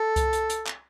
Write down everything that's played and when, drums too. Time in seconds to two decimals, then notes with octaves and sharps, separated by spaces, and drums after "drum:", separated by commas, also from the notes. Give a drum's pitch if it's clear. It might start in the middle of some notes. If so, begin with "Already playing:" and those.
Already playing: A4
0.16 drum: kick C2, hi-hat
0.33 drum: hi-hat
0.50 drum: hi-hat
0.66 drum: clap